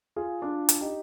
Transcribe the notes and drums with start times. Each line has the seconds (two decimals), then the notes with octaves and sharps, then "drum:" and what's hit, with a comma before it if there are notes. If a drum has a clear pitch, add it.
0.16 F4 G#4
0.42 D4 F4
0.69 drum: hi-hat
0.81 D#4 G4